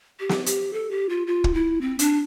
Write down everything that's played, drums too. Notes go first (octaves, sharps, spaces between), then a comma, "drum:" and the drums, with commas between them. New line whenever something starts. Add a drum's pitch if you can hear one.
G4
drum: snare
G4, drum: hi-hat
A4
G4
F4
F4
drum: kick
E4
C4
D4, drum: hi-hat